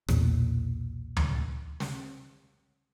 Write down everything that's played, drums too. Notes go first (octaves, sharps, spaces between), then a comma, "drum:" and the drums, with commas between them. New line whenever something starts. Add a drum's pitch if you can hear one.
B1 E2 A#2, drum: rim click
drum: tom D2
drum: snare